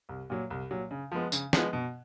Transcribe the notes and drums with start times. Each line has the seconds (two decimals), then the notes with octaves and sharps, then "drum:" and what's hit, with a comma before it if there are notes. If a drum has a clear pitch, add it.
0.09 C2
0.30 A#2 F#3
0.50 C2
0.71 A#2 F#3
0.91 C#3
1.12 F3 G#3 B3
1.32 C#3, drum: tambourine
1.53 F3 G#3 B3, drum: snare
1.73 B2